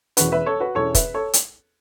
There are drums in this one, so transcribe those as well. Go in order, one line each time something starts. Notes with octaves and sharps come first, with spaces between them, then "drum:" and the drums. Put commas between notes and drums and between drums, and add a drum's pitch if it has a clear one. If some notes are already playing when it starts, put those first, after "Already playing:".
E1 E2 E3 C#4 F#4 B4, drum: hi-hat
B4 E5
A4 C#5
F#4 B4
E1 E2 E3 C#4 A4 C#5
B4 E5, drum: kick, hi-hat
A4 C#5
drum: hi-hat